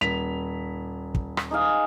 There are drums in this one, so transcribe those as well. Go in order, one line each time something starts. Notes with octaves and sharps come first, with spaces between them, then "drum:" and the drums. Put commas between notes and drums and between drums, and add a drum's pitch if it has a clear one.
D#1 B6 F7
drum: kick
drum: rim click
D#4 G#4 F5